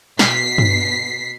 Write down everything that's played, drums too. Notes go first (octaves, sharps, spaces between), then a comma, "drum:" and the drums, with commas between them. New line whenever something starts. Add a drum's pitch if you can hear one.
B2 B6 C7, drum: snare
drum: tom G2